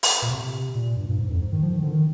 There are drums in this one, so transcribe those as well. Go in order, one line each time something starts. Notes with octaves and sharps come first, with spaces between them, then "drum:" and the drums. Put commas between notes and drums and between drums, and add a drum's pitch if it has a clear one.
drum: open hi-hat
A#2
C3
A#2
G2
G2
G#2
F2
G#2
D#3
F3
D#3
D3
D#3